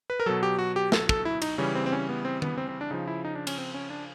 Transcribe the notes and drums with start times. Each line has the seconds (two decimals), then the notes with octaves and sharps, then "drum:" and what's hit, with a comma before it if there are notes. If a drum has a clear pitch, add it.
0.10 B4
0.20 A#4
0.26 B2 F#3 A4
0.43 G4
0.59 F#4
0.76 G4
0.92 A4, drum: snare
1.09 A4, drum: kick
1.25 E4
1.42 D#4, drum: cymbal
1.58 C#3 E3 G3 C#4
1.75 C4
1.86 C4
1.92 C#4
2.09 B3
2.25 C4
2.42 B3, drum: tom
2.58 C4
2.69 C4
2.81 D4
2.91 C#3 F3 D#4
3.08 E4
3.25 D#4
3.35 D4
3.47 C#4, drum: cymbal
3.58 C4
3.74 C#4
3.90 D4